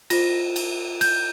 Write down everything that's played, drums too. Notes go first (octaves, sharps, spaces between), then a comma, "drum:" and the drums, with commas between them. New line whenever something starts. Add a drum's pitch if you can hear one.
F4 C5 A#6, drum: cymbal
drum: cymbal
G6, drum: cymbal